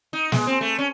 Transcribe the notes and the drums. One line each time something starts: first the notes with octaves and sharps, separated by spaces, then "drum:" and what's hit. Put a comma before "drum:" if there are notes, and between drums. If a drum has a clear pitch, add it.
D#4
G#3, drum: snare
C4
A3
C#4